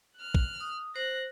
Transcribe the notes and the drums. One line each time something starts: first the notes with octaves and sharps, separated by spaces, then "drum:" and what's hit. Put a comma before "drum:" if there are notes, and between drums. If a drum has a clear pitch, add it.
F6 F#6
drum: kick
D#6
C5 F#6 A#6